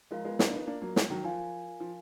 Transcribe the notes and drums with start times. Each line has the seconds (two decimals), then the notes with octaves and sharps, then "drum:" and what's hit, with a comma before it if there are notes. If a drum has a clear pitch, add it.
0.11 F3 G#3 F4 A#4 F5
0.25 G#3 B3
0.39 B3 D#4, drum: snare
0.47 D4
0.53 B3 D#4
0.67 A#3 D4
0.82 F#3 A#3
0.96 F3 G#3, drum: snare
1.10 D#3 F#3
1.24 F3 F4 A#4 F5 G#5
1.80 F3